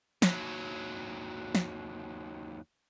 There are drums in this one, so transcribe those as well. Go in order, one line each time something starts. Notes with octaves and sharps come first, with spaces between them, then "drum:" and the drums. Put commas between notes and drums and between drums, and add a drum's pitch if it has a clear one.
D#2 F#3, drum: snare
drum: snare